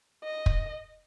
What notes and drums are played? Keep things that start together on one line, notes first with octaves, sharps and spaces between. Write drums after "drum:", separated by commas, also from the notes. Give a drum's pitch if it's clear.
D#5
drum: kick